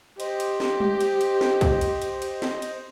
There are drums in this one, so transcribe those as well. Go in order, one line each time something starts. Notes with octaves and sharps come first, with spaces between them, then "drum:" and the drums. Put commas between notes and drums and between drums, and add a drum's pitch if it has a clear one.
G4 C5 D#5, drum: cymbal
drum: cymbal
drum: snare
drum: tom G3
drum: cymbal
drum: cymbal
drum: snare
drum: kick, cymbal
drum: cymbal
drum: cymbal
drum: cymbal
drum: snare
drum: cymbal